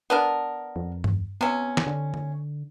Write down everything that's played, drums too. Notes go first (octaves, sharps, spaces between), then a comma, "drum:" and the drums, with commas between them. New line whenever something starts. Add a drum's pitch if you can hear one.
B3 D4 A#4
F2
drum: tom G2
C3 B3 C#4
drum: snare
D3
drum: tom D3